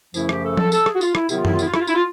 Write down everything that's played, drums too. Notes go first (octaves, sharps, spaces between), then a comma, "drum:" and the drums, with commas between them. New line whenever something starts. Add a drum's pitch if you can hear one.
F#2 C#3 F3 A3 E4, drum: tambourine
G4, drum: rim click
A4
A4, drum: tom F3
A4, drum: tambourine
G#4, drum: rim click
F#4
F4, drum: tambourine
E4, drum: rim click
C3 D#3 F#3 B3 E4, drum: tambourine
F4
E4, drum: tom
F4
E4, drum: tambourine
F4
E4, drum: rim click
F4
E4, drum: tambourine
F4